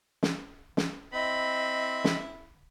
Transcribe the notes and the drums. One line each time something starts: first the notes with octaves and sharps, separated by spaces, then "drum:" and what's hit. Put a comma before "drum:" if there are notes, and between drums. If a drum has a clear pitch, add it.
drum: snare
drum: snare
C4 E4 D#5 B5
drum: snare